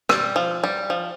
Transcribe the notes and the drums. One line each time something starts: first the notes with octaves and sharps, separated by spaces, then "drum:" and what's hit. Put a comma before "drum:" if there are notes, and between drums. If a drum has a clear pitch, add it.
G3, drum: rim click
F3
G3
F3